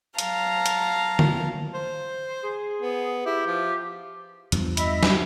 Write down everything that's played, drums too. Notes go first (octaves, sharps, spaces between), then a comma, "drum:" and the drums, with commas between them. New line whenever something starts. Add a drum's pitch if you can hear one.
F#3 F5 A5 A#5, drum: hi-hat
drum: hi-hat
drum: tom D3
C5
G#4
B3
E4 G4
F3
E2 G2 F3, drum: hi-hat
D#5 E5 B5, drum: hi-hat
drum: snare